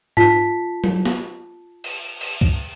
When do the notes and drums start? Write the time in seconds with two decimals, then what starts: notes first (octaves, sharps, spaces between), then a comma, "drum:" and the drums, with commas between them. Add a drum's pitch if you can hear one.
0.17 F4 A5 B6, drum: tom G#2
0.84 drum: tom F#3
1.06 drum: snare
1.84 drum: cymbal
2.21 drum: cymbal
2.41 drum: kick C#2